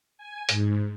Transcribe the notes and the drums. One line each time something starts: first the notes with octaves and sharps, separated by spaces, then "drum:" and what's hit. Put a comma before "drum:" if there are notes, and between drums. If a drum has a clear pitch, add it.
G#5
G#2, drum: hi-hat